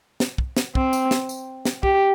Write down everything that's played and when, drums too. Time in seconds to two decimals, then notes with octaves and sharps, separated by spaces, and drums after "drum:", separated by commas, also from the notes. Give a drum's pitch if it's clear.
0.20 drum: snare
0.38 drum: kick
0.57 drum: snare
0.75 C4, drum: kick
0.93 drum: tambourine
1.11 drum: snare
1.29 drum: tambourine
1.65 drum: snare
1.83 G4, drum: kick